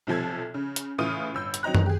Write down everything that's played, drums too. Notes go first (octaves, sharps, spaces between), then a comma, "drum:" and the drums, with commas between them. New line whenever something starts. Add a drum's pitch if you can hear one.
B1 C3 F3 A4 G#6
C#3
drum: hi-hat
A2 C#3 E3 F4 D#6 D#7
G1 E6 G6
drum: hi-hat
F#3 C4 D#4 A#5 F#6
drum: tom F#2
G4 G#4